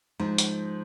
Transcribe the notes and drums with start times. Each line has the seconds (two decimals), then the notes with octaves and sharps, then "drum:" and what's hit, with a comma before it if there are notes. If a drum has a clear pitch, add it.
0.20 G#2 F3
0.38 drum: hi-hat